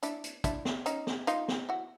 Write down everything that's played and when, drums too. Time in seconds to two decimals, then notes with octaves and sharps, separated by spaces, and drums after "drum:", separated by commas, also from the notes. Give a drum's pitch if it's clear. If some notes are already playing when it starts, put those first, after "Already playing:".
0.03 D4 E4, drum: hi-hat
0.24 drum: hi-hat
0.44 D4 E4, drum: kick, hi-hat
0.65 drum: snare
0.86 C#4 D#4, drum: hi-hat
1.07 drum: snare
1.27 D#4 F4, drum: hi-hat
1.48 drum: snare
1.69 E4 F#4